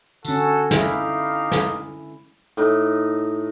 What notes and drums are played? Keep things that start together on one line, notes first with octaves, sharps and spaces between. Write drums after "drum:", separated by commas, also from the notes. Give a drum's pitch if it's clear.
D3 C#4 F#4 A4, drum: tambourine
D#4 E4 G4 F5, drum: snare
drum: snare
A2 D#4, drum: hi-hat